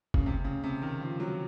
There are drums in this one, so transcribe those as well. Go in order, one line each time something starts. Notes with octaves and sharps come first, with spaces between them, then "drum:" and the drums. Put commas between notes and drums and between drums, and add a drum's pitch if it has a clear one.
C#3, drum: kick
C3
C#3
C3
D#3
F3
F#3